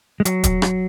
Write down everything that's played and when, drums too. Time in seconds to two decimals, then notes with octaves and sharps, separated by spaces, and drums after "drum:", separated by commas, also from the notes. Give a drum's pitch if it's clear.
0.20 G#3
0.25 F#3, drum: hi-hat
0.44 drum: kick, hi-hat
0.62 drum: rim click